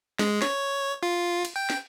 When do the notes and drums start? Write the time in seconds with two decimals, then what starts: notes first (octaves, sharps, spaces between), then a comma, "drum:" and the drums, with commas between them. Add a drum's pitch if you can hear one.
0.19 G#3, drum: snare
0.42 C#5, drum: snare
1.03 F4
1.45 drum: cymbal
1.56 G5
1.70 drum: snare